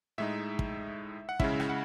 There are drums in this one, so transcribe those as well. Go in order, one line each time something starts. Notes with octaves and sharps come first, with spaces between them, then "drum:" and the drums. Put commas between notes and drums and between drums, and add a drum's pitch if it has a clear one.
A2 G#3 D#4 E5
drum: kick
F#5
C#3 G#3 C#4 E4 E5, drum: kick
drum: rim click
F#5